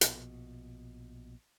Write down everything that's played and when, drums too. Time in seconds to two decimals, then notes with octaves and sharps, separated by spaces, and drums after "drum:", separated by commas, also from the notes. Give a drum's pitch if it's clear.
0.01 A#1 B2, drum: hi-hat